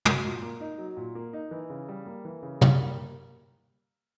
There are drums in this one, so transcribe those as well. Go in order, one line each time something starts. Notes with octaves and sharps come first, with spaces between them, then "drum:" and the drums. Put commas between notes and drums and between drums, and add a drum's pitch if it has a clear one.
F#3, drum: tom
A#2
A#3
D#4
F#3
A#2
A#3
D#4
E3
C#3
G3
A#3
E3
C#3
G3, drum: tom
A#3